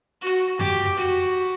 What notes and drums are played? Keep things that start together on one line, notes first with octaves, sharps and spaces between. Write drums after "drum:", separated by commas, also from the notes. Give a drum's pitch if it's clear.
F#4
G4, drum: tom F2
F#4